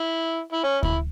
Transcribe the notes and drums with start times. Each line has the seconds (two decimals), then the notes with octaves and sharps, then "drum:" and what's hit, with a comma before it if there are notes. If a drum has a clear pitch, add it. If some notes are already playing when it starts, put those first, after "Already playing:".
Already playing: E4
0.52 E4
0.64 C#4
0.83 E4, drum: kick D2